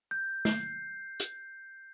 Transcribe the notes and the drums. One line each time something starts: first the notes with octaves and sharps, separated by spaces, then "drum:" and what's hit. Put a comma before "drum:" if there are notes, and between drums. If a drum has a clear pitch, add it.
G6
C7, drum: snare
drum: hi-hat